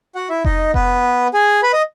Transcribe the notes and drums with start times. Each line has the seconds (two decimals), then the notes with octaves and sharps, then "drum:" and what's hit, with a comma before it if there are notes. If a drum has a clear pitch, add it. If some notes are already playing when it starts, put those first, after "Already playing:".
0.15 F#4 F#5
0.30 E4 E5
0.45 D#4 D#5, drum: kick F1
0.74 B3 B4, drum: kick F1
1.34 G#4 G#5
1.63 B4 B5
1.73 D#5 D#6